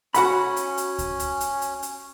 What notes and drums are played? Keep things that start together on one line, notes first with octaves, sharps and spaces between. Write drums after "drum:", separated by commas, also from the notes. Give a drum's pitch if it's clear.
C#4 F#4 F#5 B5, drum: hi-hat
drum: hi-hat
drum: hi-hat
drum: kick C#2, hi-hat
drum: hi-hat
drum: hi-hat
drum: hi-hat
drum: hi-hat